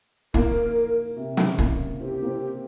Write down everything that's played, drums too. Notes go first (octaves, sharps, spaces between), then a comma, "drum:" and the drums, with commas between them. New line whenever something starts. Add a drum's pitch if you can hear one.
A#3 A#4, drum: kick
C3
C#3, drum: snare
A#3, drum: kick
C4 G4
A#3
C4